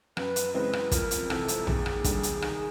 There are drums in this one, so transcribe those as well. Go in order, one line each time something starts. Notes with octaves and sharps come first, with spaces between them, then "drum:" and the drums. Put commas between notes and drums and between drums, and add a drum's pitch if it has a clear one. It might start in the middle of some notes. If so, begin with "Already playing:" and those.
F#2 B4, drum: rim click
drum: hi-hat
C#3 E3 G#3 C4 B4
drum: rim click
F2 A#4, drum: kick, hi-hat
drum: hi-hat
C3 E3 A4, drum: rim click
drum: hi-hat
D#2 G#4, drum: tom A#1
drum: rim click
D3 G3, drum: kick, hi-hat
drum: hi-hat
D#3, drum: rim click